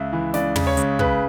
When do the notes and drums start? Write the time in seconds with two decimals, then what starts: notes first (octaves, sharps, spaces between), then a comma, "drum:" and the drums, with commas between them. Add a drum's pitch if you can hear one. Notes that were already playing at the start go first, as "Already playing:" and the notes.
Already playing: C#2 E5
0.13 E3
0.34 C#2 D5, drum: snare
0.56 C#3, drum: tom
0.67 C#5
0.77 C#2, drum: hi-hat
0.99 C#3 B4, drum: kick